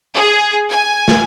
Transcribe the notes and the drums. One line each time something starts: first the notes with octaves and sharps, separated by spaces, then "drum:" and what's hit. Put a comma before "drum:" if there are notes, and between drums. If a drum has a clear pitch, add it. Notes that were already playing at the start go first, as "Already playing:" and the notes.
G#4
G#5
drum: snare